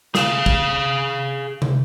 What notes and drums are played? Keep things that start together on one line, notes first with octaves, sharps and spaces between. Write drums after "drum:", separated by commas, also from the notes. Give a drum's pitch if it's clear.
G#4 F5, drum: snare
drum: kick
drum: tom C3